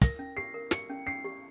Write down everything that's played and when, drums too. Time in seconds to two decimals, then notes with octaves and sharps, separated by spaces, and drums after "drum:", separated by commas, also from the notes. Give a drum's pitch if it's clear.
0.02 A#4 A#6, drum: kick, hi-hat
0.19 C#4
0.37 G4 C7
0.54 A#4
0.71 G4 C#7, drum: snare
0.90 C#4
1.06 C#4 C7
1.24 G4